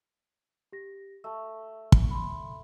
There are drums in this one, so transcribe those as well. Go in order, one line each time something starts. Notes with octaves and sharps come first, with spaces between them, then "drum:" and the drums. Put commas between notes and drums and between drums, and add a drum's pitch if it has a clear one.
G4 A#6
A3 A5 E6
drum: kick
B5 C6